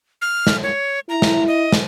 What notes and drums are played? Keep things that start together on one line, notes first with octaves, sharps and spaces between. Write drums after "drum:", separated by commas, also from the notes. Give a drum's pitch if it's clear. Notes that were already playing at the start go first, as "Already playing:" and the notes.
F6
drum: snare
C#5
E4 A#5
drum: snare
D#5
drum: snare